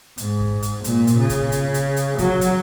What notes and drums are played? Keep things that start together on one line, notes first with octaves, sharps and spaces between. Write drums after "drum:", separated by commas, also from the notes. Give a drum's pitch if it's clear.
G#2, drum: hi-hat
drum: kick
drum: hi-hat
A#2, drum: hi-hat
drum: hi-hat
C#3
drum: kick, hi-hat
drum: hi-hat
drum: hi-hat
drum: hi-hat
F#3, drum: kick, hi-hat
drum: hi-hat